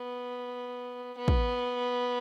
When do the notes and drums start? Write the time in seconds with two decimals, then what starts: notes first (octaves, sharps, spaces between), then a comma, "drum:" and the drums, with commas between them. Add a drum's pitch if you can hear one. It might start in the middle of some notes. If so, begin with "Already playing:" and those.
Already playing: B3
1.18 B3
1.28 drum: kick